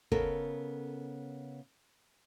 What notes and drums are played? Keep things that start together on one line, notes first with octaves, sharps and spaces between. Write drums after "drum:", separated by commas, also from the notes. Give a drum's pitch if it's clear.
C#3 B3 A4 A#4, drum: kick